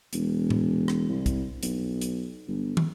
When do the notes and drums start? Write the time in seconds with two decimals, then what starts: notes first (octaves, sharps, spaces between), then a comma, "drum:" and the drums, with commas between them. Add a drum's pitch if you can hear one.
0.13 E1, drum: hi-hat
0.50 drum: tom A2
0.88 drum: rim click
1.08 C2
1.26 drum: kick, hi-hat
1.63 B1, drum: hi-hat
2.01 drum: hi-hat
2.48 G1
2.77 drum: tom